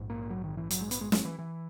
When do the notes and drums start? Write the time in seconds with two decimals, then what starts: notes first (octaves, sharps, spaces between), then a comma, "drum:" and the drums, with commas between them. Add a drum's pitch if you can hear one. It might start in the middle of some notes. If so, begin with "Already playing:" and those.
Already playing: A#1 G#2
0.10 A#3
0.30 F#3
0.44 D#3
0.57 E3
0.70 F#3, drum: hi-hat
0.81 G#3
0.91 B3, drum: hi-hat
1.01 G#3
1.12 G#3, drum: snare
1.25 E3
1.39 E3